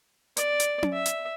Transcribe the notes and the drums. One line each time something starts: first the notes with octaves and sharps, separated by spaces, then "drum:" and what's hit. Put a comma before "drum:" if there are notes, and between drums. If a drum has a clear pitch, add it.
D5, drum: hi-hat
drum: hi-hat
drum: tom C#4
E5
drum: hi-hat